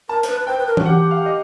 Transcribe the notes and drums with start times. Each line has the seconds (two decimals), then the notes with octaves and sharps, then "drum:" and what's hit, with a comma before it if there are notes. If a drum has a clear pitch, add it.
0.09 A#4 A5
0.23 C5, drum: hi-hat
0.28 B4
0.40 B4
0.47 C5 G5
0.58 B4
0.67 A#4
0.77 F#4, drum: tom E3
0.85 G4 F#5
1.11 F5
1.26 D#5